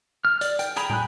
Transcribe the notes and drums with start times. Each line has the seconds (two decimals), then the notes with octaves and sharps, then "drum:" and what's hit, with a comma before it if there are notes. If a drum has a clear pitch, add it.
0.25 F6
0.41 D5, drum: hi-hat
0.59 G5, drum: hi-hat
0.76 G#4 G5 A#5 B5, drum: hi-hat
0.90 G5 G#5 B5 F#6, drum: tom